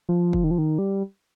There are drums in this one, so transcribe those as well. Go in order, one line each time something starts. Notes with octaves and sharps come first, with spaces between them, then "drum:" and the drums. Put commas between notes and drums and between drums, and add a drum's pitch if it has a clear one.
F3
drum: kick F1
D#3
F3
D#3
G3